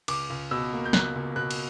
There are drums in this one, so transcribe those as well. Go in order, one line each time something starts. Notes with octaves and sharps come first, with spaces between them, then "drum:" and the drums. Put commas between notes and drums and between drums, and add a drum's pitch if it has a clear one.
C#2 D6, drum: cymbal
C#2
B2 E6
A#3
G6
C#2 F#6, drum: snare
C#2
B2 F#6
drum: cymbal